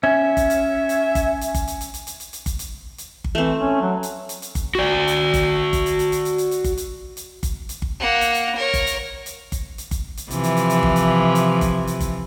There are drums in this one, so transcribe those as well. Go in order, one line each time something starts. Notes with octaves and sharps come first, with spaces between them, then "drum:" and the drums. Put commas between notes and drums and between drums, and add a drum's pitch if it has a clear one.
C#4 E5
drum: kick G1, hi-hat
drum: hi-hat
drum: hi-hat
drum: kick G1, hi-hat
drum: hi-hat
drum: kick G1, hi-hat
drum: hi-hat
drum: hi-hat
drum: hi-hat
drum: hi-hat
drum: hi-hat
drum: hi-hat
drum: kick G1, hi-hat
drum: hi-hat
drum: hi-hat
drum: kick G1
E3 A3 C4
C#4
F#3
drum: hi-hat
drum: hi-hat
drum: hi-hat
drum: kick G1, hi-hat
F#4 D5
drum: hi-hat
drum: kick G1, hi-hat
drum: kick G1, hi-hat
drum: hi-hat
drum: hi-hat
drum: hi-hat
drum: hi-hat
drum: hi-hat
drum: hi-hat
drum: kick G1, hi-hat
drum: hi-hat
drum: hi-hat
drum: kick G1, hi-hat
drum: hi-hat
drum: kick G1
A#3 F#5
drum: hi-hat
drum: hi-hat
A#4 C#5
drum: kick G1, hi-hat
drum: hi-hat
drum: hi-hat
drum: kick G1, hi-hat
drum: hi-hat
drum: kick G1, hi-hat
drum: hi-hat
C3 E3 F3, drum: hi-hat
drum: hi-hat
drum: hi-hat
drum: hi-hat
drum: kick G1
drum: hi-hat
drum: hi-hat
drum: kick G1, hi-hat
drum: hi-hat
drum: kick G1, hi-hat